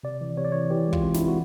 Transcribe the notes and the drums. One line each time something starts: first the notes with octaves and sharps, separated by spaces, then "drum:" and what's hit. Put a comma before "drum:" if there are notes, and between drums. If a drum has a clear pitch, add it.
C3 D5
E3
C3 C#5
D5
E3 C#5
E3 G4
G#3
F4, drum: kick
C4
E4, drum: snare
E3
F#4